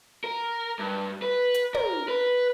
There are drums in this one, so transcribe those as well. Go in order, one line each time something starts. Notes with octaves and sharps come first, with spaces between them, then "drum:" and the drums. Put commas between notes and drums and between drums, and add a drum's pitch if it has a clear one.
A#4
G2
B4
drum: hi-hat
A#4, drum: tom
B4